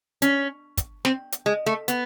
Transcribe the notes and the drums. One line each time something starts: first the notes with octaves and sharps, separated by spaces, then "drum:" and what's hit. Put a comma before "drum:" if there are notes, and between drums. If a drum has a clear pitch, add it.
C#4, drum: hi-hat
drum: kick, hi-hat
C4, drum: snare
drum: hi-hat
G#3
A3
B3, drum: hi-hat